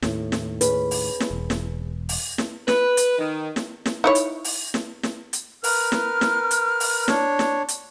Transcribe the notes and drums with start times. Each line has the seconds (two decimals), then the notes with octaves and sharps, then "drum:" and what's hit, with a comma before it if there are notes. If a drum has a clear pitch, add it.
0.02 D#2 A2, drum: snare
0.32 drum: snare
0.61 C#4 G#4 B4, drum: hi-hat
0.91 drum: open hi-hat
1.20 drum: snare
1.31 E1
1.50 drum: snare
2.09 drum: open hi-hat
2.38 drum: snare
2.68 B4, drum: snare
2.97 drum: hi-hat
3.19 D#3
3.56 drum: snare
3.86 drum: snare
4.04 D#4 E4 C#5
4.15 drum: hi-hat
4.44 drum: open hi-hat
4.74 drum: snare
5.03 drum: snare
5.33 drum: hi-hat
5.64 A#4 B4 F6, drum: open hi-hat
5.92 drum: snare
6.21 drum: snare
6.51 drum: hi-hat
6.80 drum: open hi-hat
7.08 D4 C#5, drum: snare
7.39 drum: snare
7.69 drum: hi-hat